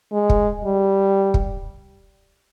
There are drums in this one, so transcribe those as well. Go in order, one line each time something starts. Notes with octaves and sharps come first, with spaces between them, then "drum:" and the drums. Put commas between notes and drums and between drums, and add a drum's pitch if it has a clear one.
G#3
drum: kick
G3
drum: kick